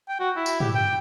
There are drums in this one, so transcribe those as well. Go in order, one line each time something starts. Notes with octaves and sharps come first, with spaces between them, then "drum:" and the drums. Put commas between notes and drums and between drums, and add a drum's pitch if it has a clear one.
G5
F#4
E4
drum: tambourine
G4, drum: tom
G5